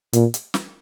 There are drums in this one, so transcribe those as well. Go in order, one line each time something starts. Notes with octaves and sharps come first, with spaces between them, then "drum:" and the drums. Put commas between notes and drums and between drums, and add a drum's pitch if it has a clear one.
A#2, drum: hi-hat
drum: hi-hat
drum: snare